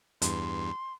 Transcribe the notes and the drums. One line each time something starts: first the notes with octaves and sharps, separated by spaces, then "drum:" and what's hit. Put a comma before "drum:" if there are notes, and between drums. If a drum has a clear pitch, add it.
E2 G2 C6, drum: hi-hat